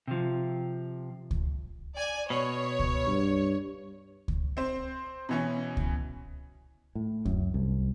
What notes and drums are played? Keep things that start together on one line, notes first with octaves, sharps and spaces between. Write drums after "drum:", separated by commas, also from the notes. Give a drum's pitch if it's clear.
C3 F3
drum: kick C#2
D5 G#5
B2 C#5
drum: kick C#2
G2
drum: kick C#2
C4 C5
B2 E3 C#4
drum: kick C#2
A2
F#2, drum: kick C#2
C2